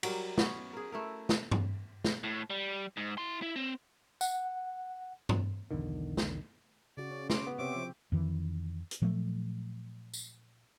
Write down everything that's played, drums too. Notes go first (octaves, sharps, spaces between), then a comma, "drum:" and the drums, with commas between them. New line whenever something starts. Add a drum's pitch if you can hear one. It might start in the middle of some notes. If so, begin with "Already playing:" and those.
F#3 G3 A#4, drum: cymbal
B3 C#4 F#4, drum: snare
G#4 A#4
A3 E4 A#4
drum: snare
drum: tom G2
drum: snare
A2
G3
G#2
E4 C6
E4
C4
F#5, drum: tambourine
drum: tom G2
B1 E2 D3 D#3
drum: snare
C#3 F#4 D5
C#4
C6 D6, drum: snare
B3
C3 C4 G4 C5 C#5 E5 D6
F3
F2 D#3 E3
drum: hi-hat
A#2 F3 F#3 A3
drum: tambourine